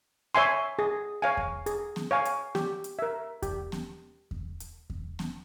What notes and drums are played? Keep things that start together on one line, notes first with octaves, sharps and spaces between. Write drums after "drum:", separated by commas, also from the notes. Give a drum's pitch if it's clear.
C#5 E5 G#5 C6
G#4
C#5 F5 G#5
drum: kick E2
G#4, drum: hi-hat
drum: snare B3
C#5 F5 G#5
drum: hi-hat
G4, drum: snare B3
drum: hi-hat
A#4 E5
G4, drum: kick E2, hi-hat
drum: snare B3
drum: kick E2
drum: hi-hat
drum: kick E2
drum: snare B3